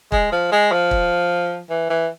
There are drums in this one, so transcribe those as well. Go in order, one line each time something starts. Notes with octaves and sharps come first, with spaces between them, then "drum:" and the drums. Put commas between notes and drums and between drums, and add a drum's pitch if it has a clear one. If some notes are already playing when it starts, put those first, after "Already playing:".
G#3, drum: kick
F3
G#3
F3
drum: kick
E3
E3